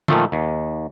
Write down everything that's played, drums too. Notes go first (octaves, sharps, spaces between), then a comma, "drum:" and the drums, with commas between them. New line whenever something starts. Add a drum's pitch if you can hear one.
A#2 D#3 F3 A3, drum: tom
D#2